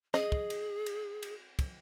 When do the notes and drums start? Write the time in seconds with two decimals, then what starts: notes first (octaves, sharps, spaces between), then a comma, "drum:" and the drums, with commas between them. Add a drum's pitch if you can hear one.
0.14 G#4 D#5, drum: snare
0.32 drum: kick
0.50 drum: cymbal
0.86 drum: cymbal
1.23 drum: cymbal
1.59 drum: kick, cymbal